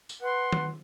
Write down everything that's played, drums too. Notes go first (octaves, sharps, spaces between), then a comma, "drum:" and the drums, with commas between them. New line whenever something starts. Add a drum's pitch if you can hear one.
drum: tambourine
B4 F#5 C6
drum: tom D#3